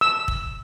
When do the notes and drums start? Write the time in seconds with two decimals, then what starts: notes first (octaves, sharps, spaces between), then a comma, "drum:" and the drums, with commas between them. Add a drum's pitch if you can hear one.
0.01 E6
0.28 drum: kick